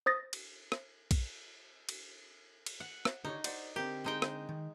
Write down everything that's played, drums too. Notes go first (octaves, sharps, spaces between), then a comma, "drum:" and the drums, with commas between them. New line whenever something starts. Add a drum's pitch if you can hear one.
C5 D#6 A6 A#6
drum: cymbal
drum: rim click
drum: kick A#1, cymbal
drum: cymbal
drum: cymbal
F#5
drum: rim click
D3 D#4 G4 C#5
C5 D5 F#5, drum: cymbal
D3 C4 G4 A#4
G#3 D#4 G5
drum: rim click
D#3